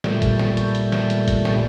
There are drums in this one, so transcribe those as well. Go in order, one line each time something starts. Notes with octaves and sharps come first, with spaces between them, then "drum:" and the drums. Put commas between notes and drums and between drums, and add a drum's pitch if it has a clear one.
A#2 G3 A3, drum: snare
drum: kick F#1, hi-hat
drum: snare
drum: hi-hat
drum: hi-hat
drum: snare
drum: hi-hat
drum: kick F#1, hi-hat
drum: snare